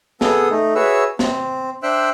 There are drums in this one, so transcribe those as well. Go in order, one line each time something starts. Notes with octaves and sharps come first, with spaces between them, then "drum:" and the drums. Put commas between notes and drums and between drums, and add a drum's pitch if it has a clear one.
B3 G#4 A4 D#6, drum: snare
A3 D#4
F#4 G#4 B4 C#5 E5 E6
C4, drum: snare
D4 C5 E5 G5 E6 F#6